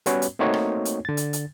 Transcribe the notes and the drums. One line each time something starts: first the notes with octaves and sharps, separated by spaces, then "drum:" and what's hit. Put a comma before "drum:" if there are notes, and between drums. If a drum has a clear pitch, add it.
G3 B3 C#4 F#4 B4 C#5, drum: hi-hat
drum: hi-hat
A3 A#3 C4 D#4 F#4 C#5
drum: rim click
drum: hi-hat
D3 A6
drum: hi-hat
drum: hi-hat